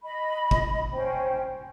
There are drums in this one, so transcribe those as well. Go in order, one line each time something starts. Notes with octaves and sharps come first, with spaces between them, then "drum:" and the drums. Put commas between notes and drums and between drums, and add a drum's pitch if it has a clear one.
D#5 B5
drum: kick
C#4 C5 G5